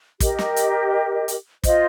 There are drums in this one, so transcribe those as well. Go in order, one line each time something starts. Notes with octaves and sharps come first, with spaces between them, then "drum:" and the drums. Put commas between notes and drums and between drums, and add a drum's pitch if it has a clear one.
G4 A#4 D#5, drum: kick, hi-hat
drum: snare
drum: hi-hat
drum: hi-hat
F4 C5 D#5, drum: kick, hi-hat